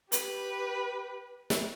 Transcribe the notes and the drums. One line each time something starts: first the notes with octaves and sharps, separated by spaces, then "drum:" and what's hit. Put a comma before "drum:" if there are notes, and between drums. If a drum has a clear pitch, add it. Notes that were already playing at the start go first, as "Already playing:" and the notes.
G4 B4, drum: hi-hat
drum: snare